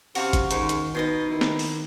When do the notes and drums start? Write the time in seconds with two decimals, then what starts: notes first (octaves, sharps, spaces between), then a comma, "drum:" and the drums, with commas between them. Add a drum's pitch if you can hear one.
0.15 C3 C#4 F#4 F5 C#6, drum: open hi-hat
0.33 drum: kick, hi-hat
0.51 G#2 D#3, drum: hi-hat
0.69 drum: hi-hat
0.95 B2 D#4 B4 D#5 C6
1.31 D#3 E4
1.41 drum: snare
1.59 drum: open hi-hat